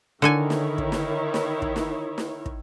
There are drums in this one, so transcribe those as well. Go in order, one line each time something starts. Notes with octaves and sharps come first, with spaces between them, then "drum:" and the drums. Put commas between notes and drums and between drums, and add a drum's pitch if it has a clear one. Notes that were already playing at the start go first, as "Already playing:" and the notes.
D3 D#3 E4 A4 C#5 G#5
drum: snare
drum: kick
drum: snare
drum: snare
drum: kick
drum: snare
drum: snare
drum: kick